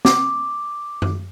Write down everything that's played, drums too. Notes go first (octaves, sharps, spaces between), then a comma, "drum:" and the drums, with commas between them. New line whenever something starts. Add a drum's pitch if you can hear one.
D6, drum: snare
drum: tom F#2